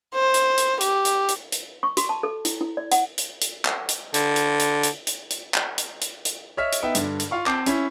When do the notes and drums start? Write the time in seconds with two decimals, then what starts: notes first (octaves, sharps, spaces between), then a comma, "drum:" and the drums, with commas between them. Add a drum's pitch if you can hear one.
0.15 C5
0.34 drum: hi-hat
0.58 drum: hi-hat
0.81 G4, drum: hi-hat
1.05 drum: hi-hat
1.29 drum: hi-hat
1.52 drum: hi-hat
1.83 C#6
1.97 F#4, drum: hi-hat
2.09 A5
2.23 A4
2.45 E4, drum: hi-hat
2.61 E4
2.77 D5
2.92 F#5, drum: hi-hat
3.18 drum: hi-hat
3.42 drum: hi-hat
3.65 drum: clap
3.89 drum: hi-hat
4.14 D3, drum: hi-hat
4.36 drum: hi-hat
4.60 drum: hi-hat
4.83 drum: hi-hat
5.07 drum: hi-hat
5.31 drum: hi-hat
5.54 drum: clap
5.78 drum: hi-hat
6.02 drum: hi-hat
6.25 drum: hi-hat
6.57 C#5 D#5 E5 F6 B6
6.73 drum: hi-hat
6.82 B3 D#4 E5 G5
6.95 G2 D3, drum: hi-hat
7.20 drum: hi-hat
7.31 F4 F5 C#6
7.46 C4 A5 D6 G6 C7, drum: clap
7.66 C#4 E4 B5, drum: hi-hat